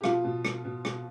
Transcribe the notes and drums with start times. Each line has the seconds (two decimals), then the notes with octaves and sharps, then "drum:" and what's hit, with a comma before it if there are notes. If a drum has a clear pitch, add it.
0.01 G4
0.04 B2 F3 F4, drum: rim click
0.24 B2
0.45 B2, drum: rim click
0.65 B2
0.85 B2, drum: rim click